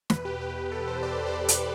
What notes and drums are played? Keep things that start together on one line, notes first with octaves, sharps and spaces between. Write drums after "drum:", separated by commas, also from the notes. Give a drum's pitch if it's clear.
E2 B2 B4, drum: snare
G4
G4
A4
C5
D5
C5
C5
B4, drum: hi-hat